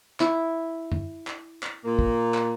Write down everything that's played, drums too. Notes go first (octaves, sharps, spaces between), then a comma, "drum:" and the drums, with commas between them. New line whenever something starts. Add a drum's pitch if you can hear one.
E4, drum: clap
drum: tom F#2
drum: clap
drum: clap
A#2 A#3
drum: kick
drum: clap